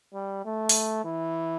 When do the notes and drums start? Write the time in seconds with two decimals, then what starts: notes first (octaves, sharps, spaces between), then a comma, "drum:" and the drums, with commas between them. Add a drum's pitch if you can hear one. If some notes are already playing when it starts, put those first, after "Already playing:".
0.14 G3
0.45 A3
0.69 drum: open hi-hat
1.05 E3